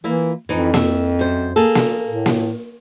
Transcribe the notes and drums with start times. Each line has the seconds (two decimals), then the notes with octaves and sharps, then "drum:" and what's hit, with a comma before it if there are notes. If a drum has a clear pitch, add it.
0.04 E3 A#3 E4 F4
0.49 F2 E3 F3 D#4
0.74 E5, drum: snare A#3
1.19 F#2 C5
1.56 A#3 G#4 A4
1.75 drum: snare A#3
2.07 A2
2.26 drum: snare A#3